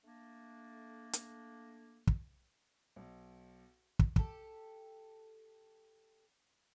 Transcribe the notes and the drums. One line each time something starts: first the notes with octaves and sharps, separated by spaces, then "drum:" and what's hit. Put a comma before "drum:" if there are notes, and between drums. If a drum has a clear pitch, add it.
A3 A#3 D4
drum: hi-hat
drum: kick
B1
drum: kick
G4 A4, drum: kick